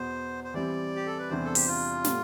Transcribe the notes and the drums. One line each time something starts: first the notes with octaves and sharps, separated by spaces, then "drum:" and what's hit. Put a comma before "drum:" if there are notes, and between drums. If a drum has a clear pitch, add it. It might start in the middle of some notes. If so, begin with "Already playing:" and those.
Already playing: E2 B2 B3 C5
C5
E3 G3 C4 D5
G4
A4
B4
E2 C3 E3 G3 D4 C5
A4
G4, drum: open hi-hat
F4
A2 G3 B3, drum: snare